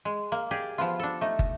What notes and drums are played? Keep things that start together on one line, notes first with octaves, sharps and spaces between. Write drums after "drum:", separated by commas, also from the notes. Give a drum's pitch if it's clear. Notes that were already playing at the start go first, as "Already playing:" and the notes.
G#3
A#3
G4 G#4 D5
F3 B3 F4
D4 A4
A3 D#4
drum: kick